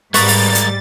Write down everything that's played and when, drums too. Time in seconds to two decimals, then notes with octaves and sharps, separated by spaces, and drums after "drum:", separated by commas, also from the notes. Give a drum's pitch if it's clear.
0.14 G#2 G3 G#3 A#4 B4 C#6 D#6 A6, drum: open hi-hat
0.28 drum: open hi-hat
0.55 drum: hi-hat